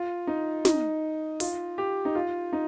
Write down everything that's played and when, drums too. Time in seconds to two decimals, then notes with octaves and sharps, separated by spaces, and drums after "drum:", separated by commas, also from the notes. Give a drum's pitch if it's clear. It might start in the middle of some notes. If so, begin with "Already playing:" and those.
Already playing: F4
0.27 D#4
0.65 D#4, drum: snare
1.40 F4, drum: open hi-hat
1.78 G4
2.05 D#4
2.15 F4
2.53 D#4